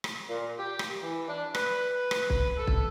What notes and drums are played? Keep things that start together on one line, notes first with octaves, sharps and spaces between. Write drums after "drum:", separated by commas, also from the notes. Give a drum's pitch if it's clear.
drum: rim click
A#2
G4
drum: rim click
E3
D4
B4, drum: rim click
drum: rim click
drum: kick
A4
drum: kick